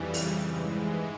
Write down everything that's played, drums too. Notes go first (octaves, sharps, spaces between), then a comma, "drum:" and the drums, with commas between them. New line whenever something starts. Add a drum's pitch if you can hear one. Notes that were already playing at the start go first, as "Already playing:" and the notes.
Already playing: F2 C#3 E3 G3
drum: open hi-hat
G#2 E3 G#3